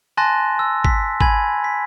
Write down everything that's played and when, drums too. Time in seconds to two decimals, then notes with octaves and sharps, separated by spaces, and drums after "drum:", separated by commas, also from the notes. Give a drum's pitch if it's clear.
0.17 G#5 A5 C6 F#6 A6 A#6
0.59 E6
0.85 B6, drum: kick G#1
1.21 G#5 B5 G#6, drum: kick G#1
1.64 B6